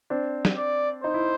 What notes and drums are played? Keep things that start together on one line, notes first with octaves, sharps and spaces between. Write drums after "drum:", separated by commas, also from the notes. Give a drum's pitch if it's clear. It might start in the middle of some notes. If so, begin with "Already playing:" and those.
C4 D4
drum: snare
D5
D#4 C5
E4